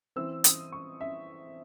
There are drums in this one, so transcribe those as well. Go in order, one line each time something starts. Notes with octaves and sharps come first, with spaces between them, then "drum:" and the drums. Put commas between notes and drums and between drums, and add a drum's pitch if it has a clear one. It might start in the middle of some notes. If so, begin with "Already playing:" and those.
E3 C4 E6
D#6, drum: hi-hat
C#6
E5